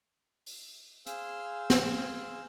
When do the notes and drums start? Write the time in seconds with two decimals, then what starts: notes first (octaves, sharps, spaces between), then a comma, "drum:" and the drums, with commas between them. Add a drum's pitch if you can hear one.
0.46 drum: open hi-hat
1.06 G#4 C5 F5 E6, drum: hi-hat
1.70 drum: snare